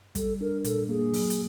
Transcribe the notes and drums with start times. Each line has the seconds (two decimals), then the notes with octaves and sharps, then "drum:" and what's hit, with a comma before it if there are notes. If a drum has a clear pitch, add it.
0.15 G3 A4, drum: kick, hi-hat
0.40 D4 A#4
0.64 A#2 A4, drum: hi-hat
0.89 A#3 G#4
1.13 F#3, drum: open hi-hat
1.30 drum: hi-hat